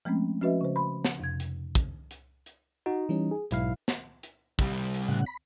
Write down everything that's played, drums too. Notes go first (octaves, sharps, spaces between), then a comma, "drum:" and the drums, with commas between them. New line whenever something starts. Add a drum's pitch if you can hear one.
F3 G#3 A3 C4 C#4
F3 C#4 F#4 B4 D#5 E5
C#3 C5
B5 C6
drum: snare
F2 C3 G#6
drum: hi-hat
drum: kick, hi-hat
drum: hi-hat
drum: hi-hat
D#4 F#4
E3 G3 C#4
G#4
B1 G#2 E4 F5, drum: hi-hat
drum: snare
drum: hi-hat
C2 G3, drum: kick, hi-hat
drum: hi-hat
A2 C#3 F#5
B5